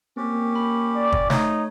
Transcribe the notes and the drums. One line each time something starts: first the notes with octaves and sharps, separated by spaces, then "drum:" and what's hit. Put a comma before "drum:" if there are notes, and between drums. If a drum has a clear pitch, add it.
A#3 C4 C#4 G4
B5
D5
drum: kick
A3 D#4 C#5, drum: snare